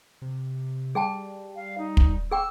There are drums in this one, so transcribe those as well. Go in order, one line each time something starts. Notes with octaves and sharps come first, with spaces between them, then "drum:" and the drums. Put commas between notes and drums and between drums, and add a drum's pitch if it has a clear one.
C3
G3 G#4 G5 A5
F5
D#4
drum: kick
G#4 G5 D6 E6